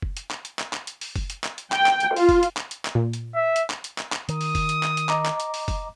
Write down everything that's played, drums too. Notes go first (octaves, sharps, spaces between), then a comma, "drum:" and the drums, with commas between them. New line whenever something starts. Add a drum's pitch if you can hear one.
drum: kick F#1
drum: hi-hat
drum: clap
drum: hi-hat
drum: clap
drum: clap
drum: hi-hat
drum: open hi-hat
drum: kick F#1, open hi-hat
drum: hi-hat
drum: clap
drum: hi-hat
G5, drum: clap
drum: clap
drum: hi-hat
F4, drum: open hi-hat
drum: kick F#1, open hi-hat
drum: hi-hat
drum: clap
drum: hi-hat
drum: clap
A#2
drum: hi-hat
E5
drum: hi-hat
drum: clap
drum: hi-hat
drum: clap
drum: clap
D#3 D#6, drum: hi-hat
drum: open hi-hat
drum: kick F#1, open hi-hat
drum: hi-hat
drum: clap
drum: hi-hat
D#5 A#5 D6, drum: clap
drum: clap
drum: hi-hat
drum: open hi-hat
drum: kick F#1, open hi-hat